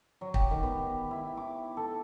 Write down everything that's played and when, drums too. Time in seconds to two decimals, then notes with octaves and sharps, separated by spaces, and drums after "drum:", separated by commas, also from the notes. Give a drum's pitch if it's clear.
0.21 F#3
0.34 G4, drum: kick
0.51 D#3
0.63 B3
1.11 E4
1.37 D6
1.77 A4